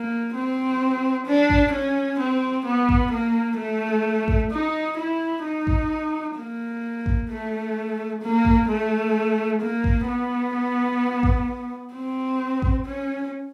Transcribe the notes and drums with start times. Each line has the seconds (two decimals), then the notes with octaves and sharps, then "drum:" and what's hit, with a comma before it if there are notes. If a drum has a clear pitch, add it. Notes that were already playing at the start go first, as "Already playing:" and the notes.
Already playing: A#3
0.34 C4
1.26 D4
1.50 drum: kick A1
1.73 C#4
2.19 C4
2.66 B3
2.89 drum: kick A1
3.12 A#3
3.58 A3
4.28 drum: kick A1
4.51 D#4
4.97 E4
5.44 D#4
5.67 drum: kick A1
6.37 A#3
7.06 drum: kick A1
7.29 A3
8.22 A#3
8.45 drum: kick A1
8.68 A3
9.61 A#3
9.84 drum: kick A1
10.07 B3
11.23 drum: kick A1
11.93 C4
12.62 drum: kick A1
12.86 C#4